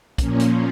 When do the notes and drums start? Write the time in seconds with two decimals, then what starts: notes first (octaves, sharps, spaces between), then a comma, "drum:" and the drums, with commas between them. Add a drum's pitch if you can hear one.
0.18 A#2 F3 A#3 C#4, drum: kick, hi-hat
0.40 drum: hi-hat